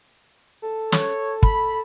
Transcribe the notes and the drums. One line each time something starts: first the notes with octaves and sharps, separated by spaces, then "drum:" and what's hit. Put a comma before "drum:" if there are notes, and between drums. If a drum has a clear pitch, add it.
A4
C#5, drum: snare
B5, drum: kick